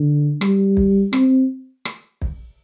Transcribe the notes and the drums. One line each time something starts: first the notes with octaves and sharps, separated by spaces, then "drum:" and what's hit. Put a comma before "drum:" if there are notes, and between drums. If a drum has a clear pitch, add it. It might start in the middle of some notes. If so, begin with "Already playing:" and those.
Already playing: D3
G3, drum: rim click
drum: kick
C4, drum: rim click
drum: rim click
drum: kick